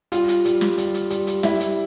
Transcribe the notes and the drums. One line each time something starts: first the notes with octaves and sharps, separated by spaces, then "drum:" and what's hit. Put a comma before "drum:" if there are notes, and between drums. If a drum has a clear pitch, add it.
G3 F4, drum: hi-hat
drum: hi-hat
G3, drum: hi-hat
drum: snare
G3, drum: hi-hat
drum: hi-hat
G3, drum: hi-hat
drum: hi-hat
G3 E4, drum: snare
drum: hi-hat